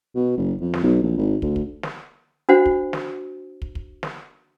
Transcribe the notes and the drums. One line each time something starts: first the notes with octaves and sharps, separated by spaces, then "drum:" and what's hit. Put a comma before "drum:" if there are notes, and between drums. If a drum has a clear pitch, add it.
B2
F#1
F2
drum: snare
B1
A#1
G#1
D2, drum: kick
drum: kick
drum: snare
D4 F#4 C5 F#5
drum: kick
drum: snare
drum: kick
drum: kick
drum: snare